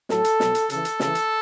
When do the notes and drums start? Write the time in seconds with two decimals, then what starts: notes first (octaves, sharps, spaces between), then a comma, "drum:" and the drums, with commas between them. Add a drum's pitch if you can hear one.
0.09 A2 F#3 A4, drum: snare
0.24 drum: hi-hat
0.40 B2 F#3, drum: snare
0.55 drum: hi-hat
0.70 C#3 E3 A4, drum: hi-hat
0.85 drum: hi-hat
1.00 C#3 E3 A4, drum: snare
1.15 drum: hi-hat